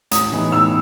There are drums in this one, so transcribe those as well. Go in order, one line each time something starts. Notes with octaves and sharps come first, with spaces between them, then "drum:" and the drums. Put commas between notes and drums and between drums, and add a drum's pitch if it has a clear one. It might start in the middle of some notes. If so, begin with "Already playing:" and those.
A1 D#6, drum: hi-hat
A2 E3 B3 D#4
A1 E6